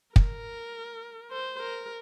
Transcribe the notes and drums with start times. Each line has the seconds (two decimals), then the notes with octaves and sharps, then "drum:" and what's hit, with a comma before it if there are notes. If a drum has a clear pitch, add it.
0.16 A#4, drum: kick
1.31 C5
1.60 A#4